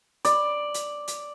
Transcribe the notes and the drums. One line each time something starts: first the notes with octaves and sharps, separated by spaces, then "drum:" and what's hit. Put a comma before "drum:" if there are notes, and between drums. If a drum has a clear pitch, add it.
D5, drum: hi-hat
drum: hi-hat
drum: hi-hat